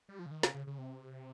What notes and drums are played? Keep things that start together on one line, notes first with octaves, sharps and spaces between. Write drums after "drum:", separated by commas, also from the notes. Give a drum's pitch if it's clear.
G3
F3
C#3
D#3
C#3, drum: snare
C#3
C#3
C3